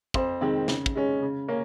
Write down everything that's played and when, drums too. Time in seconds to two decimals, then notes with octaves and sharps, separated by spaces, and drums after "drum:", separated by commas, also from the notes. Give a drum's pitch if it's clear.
0.14 F2 C5, drum: kick
0.41 D#3 G#3 C4
0.68 C#3, drum: snare
0.86 drum: kick
0.95 G#3 C#4
1.22 C#3
1.48 A#3 C#4